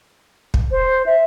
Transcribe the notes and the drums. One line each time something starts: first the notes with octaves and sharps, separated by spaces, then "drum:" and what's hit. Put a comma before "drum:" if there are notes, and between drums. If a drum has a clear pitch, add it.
drum: kick
C5
E5